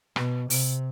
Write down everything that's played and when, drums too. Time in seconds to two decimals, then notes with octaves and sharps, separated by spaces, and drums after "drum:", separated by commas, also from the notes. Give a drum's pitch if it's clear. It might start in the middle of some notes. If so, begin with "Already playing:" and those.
0.16 B2, drum: rim click
0.50 C3, drum: open hi-hat